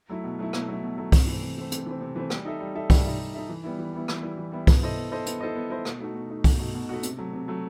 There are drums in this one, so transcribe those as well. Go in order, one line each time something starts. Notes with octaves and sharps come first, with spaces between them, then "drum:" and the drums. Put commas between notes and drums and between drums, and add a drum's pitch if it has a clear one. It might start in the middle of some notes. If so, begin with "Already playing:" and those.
F#3 A3 E4
B2
F#3 A3 E4
B2, drum: rim click
F#3 A3 E4
B2
F#3 A3 E4
C3, drum: kick C2, open hi-hat
E3 A3 C4
C3
E3 A3 C4
C3, drum: hi-hat
E3 A3 C4
C3
E3 A3 C4
G3, drum: rim click
D#4 A4 E5
G3
D#4 A4 E5
G3, drum: kick C2, open hi-hat
D#4 A4 E5
G3
D#4 A4 E5
E3
G3 B3 E4
E3
G3 B3 E4
E3, drum: rim click
G3 B3 E4
E3
G3 B3 E4
B3, drum: kick C2, open hi-hat
E4 A4 C5 D#5
B3
E4 A4 C5 D#5
B3, drum: hi-hat
E4 A4 C5 D#5
B3
E4 A4 C5 D#5
B2, drum: rim click
A3 D#4 F#4
B2
A3 D#4 F#4
B2, drum: kick C2, open hi-hat
A3 D#4 F#4
B2
A3 D#4 F#4
C3, drum: hi-hat
F#3 A3
C3
F#3 A3